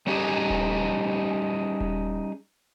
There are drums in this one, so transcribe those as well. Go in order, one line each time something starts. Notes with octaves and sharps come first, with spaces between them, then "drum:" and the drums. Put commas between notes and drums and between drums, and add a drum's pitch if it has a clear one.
G3 C#4 D#4 G4 G#4
drum: kick D#1
drum: kick D#1